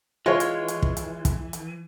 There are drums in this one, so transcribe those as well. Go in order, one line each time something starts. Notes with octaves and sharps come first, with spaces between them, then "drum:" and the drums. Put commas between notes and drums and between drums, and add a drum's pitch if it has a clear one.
E3 G#3 F4 C#5
drum: hi-hat
drum: hi-hat
drum: kick
drum: hi-hat
drum: kick, hi-hat
drum: hi-hat